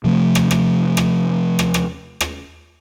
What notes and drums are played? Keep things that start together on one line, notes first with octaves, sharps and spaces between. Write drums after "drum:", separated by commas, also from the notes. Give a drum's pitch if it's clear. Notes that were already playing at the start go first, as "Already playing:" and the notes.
C3 F3 A3
drum: rim click
drum: rim click
drum: rim click
drum: rim click
drum: rim click
drum: rim click